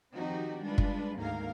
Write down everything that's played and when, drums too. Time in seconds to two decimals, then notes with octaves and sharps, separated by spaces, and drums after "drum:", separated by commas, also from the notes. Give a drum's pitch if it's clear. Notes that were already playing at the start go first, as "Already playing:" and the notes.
0.14 D#3 F3 C4 D#4 F#4 G4
0.63 G3 G#3 D4 F4 B4
0.78 drum: kick
1.18 D2 G#2 D#3 A#3 A#4 F5